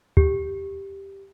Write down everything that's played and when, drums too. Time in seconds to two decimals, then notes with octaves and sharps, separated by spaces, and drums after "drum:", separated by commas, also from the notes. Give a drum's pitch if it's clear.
0.17 G4, drum: kick